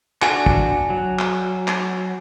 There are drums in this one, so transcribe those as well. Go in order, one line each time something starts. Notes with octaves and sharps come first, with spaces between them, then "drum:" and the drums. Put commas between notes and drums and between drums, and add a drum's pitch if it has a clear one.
D4 F#4 G#5, drum: clap
drum: kick
F#3
drum: clap
drum: clap